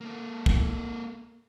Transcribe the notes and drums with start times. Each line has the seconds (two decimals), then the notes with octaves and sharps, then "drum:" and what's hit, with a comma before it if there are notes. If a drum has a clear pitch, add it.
0.01 A#3 A4
0.46 drum: kick